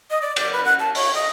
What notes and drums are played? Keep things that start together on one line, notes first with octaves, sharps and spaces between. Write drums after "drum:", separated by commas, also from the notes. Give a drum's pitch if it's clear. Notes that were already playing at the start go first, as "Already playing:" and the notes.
D#5
D5
D5, drum: cymbal
B4
F#5
A5
C#5, drum: open hi-hat
D#5